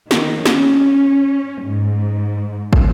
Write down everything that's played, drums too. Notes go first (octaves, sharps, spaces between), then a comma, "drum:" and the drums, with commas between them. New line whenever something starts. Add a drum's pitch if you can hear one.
D#3, drum: snare
C#4, drum: snare
G#2
drum: kick